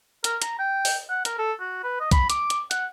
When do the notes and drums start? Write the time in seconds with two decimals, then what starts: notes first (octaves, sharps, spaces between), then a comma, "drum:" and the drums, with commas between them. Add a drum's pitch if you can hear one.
0.24 A#4, drum: hi-hat
0.42 A#5, drum: hi-hat
0.59 G5
0.85 drum: open hi-hat
1.10 F#5
1.25 A#4, drum: hi-hat
1.39 A4
1.60 F#4
1.83 B4
2.00 D#5
2.11 B5, drum: kick, hi-hat
2.30 D6, drum: hi-hat
2.50 drum: hi-hat
2.71 F#5, drum: hi-hat